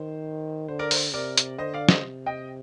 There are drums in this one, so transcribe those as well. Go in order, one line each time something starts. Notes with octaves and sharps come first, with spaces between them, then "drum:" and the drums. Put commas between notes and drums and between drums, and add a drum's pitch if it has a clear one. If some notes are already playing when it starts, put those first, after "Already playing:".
Already playing: D#3 C5
D3 C5
A#4 D5
C5, drum: open hi-hat
C3 A#4 D5
drum: hi-hat
D3 C5 D#5
D5 F5
C5 D#5, drum: snare
C3
D#5 G5